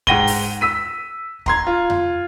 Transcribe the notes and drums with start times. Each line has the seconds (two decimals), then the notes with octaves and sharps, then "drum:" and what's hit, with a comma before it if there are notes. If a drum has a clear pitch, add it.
0.07 G#2 F#5 G5 A#6 D#7 G7, drum: kick
0.27 drum: open hi-hat
0.61 E6 B6 D#7
1.46 A#5 C6 G#6, drum: kick
1.67 F4
1.90 drum: tom F2